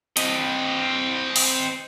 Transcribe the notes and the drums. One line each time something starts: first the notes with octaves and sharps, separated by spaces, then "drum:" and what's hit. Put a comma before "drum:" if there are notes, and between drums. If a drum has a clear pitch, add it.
C4 D#5, drum: hi-hat
drum: open hi-hat